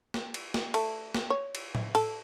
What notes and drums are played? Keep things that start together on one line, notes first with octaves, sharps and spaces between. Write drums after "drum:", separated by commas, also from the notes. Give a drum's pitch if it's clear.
drum: snare
drum: cymbal
drum: snare
A3, drum: cymbal
drum: snare
C#5
drum: cymbal
drum: tom
A4, drum: cymbal